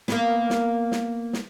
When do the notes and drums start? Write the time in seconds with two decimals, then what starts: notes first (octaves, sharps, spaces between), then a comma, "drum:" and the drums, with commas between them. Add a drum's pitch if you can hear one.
0.08 A#3 B3, drum: snare
0.50 drum: snare
0.92 drum: snare
1.33 drum: snare